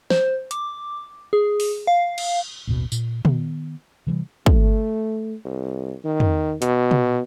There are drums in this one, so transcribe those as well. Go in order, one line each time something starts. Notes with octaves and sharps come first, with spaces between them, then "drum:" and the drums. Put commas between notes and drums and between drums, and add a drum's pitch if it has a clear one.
C5, drum: snare
D6, drum: hi-hat
G#4
drum: open hi-hat
F5
drum: cymbal
A1 D#2 B2
A#2, drum: tambourine
D#3 B3, drum: tom
C3 E3 F#3 G3
A3, drum: kick
C2
D#3
drum: tom
B2, drum: hi-hat
drum: tom